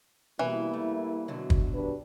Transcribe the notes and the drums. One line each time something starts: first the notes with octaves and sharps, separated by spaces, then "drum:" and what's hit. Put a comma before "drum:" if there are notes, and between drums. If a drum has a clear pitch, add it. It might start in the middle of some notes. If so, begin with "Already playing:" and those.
B2 E3 G3 A#3 E4
A3
B2 D3 F#3
drum: kick
D4 G4 B4